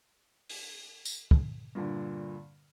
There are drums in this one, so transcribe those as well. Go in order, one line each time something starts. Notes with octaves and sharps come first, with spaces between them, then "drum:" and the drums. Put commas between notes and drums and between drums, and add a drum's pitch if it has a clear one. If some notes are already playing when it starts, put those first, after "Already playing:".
drum: open hi-hat
drum: tambourine
drum: kick
G2 A#2 D3